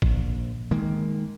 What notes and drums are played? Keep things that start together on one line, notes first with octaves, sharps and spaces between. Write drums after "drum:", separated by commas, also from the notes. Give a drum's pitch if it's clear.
A#1, drum: kick
D#3 G#3 A#3